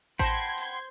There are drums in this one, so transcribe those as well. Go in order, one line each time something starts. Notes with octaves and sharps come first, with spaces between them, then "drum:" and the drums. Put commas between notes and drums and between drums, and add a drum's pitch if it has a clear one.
C5 F#5 G5 A5 B5 C6 G#6 A#6, drum: kick A1, hi-hat
drum: hi-hat